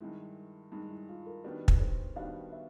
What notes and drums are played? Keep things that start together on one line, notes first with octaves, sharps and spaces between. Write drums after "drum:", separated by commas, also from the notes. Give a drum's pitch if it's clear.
G2 D#3 G#3 E4
G2 D#3 G#3 D#4
E4
F4
A#4
D#3 G3 B3 D4 F#4 B4
drum: kick
C5
D#3 G3 B3 D4 F#4 F5
E5